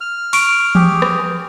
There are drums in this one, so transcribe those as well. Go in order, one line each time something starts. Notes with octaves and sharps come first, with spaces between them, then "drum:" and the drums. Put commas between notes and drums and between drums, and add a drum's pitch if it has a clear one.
F6
C#6 D7, drum: open hi-hat
G4 G#4, drum: tom E3
drum: rim click